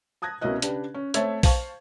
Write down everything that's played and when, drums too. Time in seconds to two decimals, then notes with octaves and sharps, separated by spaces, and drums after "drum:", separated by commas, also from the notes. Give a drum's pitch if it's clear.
0.22 A5 D#6 F#6 G#6 A#6
0.41 C2 B2 A#3 C#4 D#5 F#6
0.62 C#3 D4 G4 B4, drum: hi-hat
0.94 C#4
1.14 A3 C4 C#5 E5 G#6 A6, drum: hi-hat
1.43 C5 F5 A5 C#6, drum: kick, open hi-hat